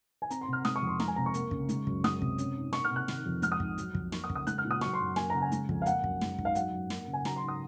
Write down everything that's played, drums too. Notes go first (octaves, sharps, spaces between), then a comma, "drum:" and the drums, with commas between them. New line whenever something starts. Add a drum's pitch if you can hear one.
G#5
C4 A#5, drum: hi-hat
C6
C3
F6
G#3 D#6, drum: snare
C#6
F2
C6
G#3 A#5, drum: snare
G#5
C3 A#5
C#6
A#3, drum: hi-hat
C#3, drum: kick
G#3, drum: hi-hat
F#2, drum: kick
G#3 D#6, drum: snare
C3, drum: kick
C#4, drum: hi-hat
G#2
A#3 C#6, drum: snare
F6
C3
F#6
D#3, drum: snare
F2
G#3 F6, drum: hi-hat
D#6
G#2, drum: kick
F#3, drum: hi-hat
F2, drum: kick
A#3 C#6, drum: snare
D#6
C#3, drum: kick
D#6
G#3 F#6, drum: hi-hat
F6
A#2
D#6
F#3 C#6, drum: snare
C6
F#2
A#3 G#5, drum: snare
C#3 A#5
G#5
G#3, drum: hi-hat
F2, drum: kick
F5
A#3 F#5, drum: hi-hat
F#2, drum: kick
G#3, drum: snare
G#2, drum: kick
F5
F#3 F#5, drum: hi-hat
F#2
A#3, drum: snare
C#3
G#5
F#3 A#5, drum: snare
C6
G#2
D#6